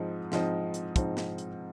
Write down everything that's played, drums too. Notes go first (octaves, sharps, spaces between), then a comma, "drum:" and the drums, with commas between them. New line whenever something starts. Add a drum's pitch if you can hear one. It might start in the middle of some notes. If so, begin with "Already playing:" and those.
Already playing: G#2 F3 C4 D#4
G#2 F3 C4 D#4, drum: snare
drum: hi-hat
G#2 F3 C4 D#4, drum: kick, hi-hat
drum: snare
drum: hi-hat